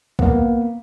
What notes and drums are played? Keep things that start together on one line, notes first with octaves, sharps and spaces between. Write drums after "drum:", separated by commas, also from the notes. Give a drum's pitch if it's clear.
A#3 B3, drum: kick B1